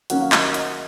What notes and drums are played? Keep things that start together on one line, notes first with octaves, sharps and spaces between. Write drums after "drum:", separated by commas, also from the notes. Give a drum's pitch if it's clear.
D#3 F#3 A#3 C#4 F#5, drum: hi-hat
F5
D#5, drum: clap
D#5
D#5, drum: hi-hat